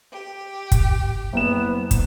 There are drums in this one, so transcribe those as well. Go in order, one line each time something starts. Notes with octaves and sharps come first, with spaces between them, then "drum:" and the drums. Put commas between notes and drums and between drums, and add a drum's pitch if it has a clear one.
G4
drum: kick, hi-hat
F#1 B3 E7
drum: kick, hi-hat